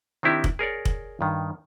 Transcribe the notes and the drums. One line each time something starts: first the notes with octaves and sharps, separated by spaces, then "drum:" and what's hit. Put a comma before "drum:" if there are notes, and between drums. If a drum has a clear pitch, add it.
D#3 C4 D4 E4 G4
drum: kick
G#4 A#4 C#5 D5
drum: kick
G2 D#3